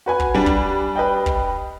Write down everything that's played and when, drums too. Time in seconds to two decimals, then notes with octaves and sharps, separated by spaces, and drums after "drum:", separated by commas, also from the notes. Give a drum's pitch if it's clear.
0.06 F#4 B4 G#5
0.20 drum: kick
0.35 G3 D4
0.46 drum: kick
0.96 B4 D#5 G5
1.26 drum: kick